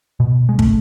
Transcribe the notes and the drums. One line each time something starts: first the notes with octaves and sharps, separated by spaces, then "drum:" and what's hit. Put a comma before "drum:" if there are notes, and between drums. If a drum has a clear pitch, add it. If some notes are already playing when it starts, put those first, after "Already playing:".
B2
G#3
A3, drum: kick